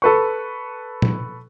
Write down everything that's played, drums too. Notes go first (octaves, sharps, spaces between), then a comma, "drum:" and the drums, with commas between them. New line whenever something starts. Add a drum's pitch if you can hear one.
A4 B4 C#6
drum: tom A#2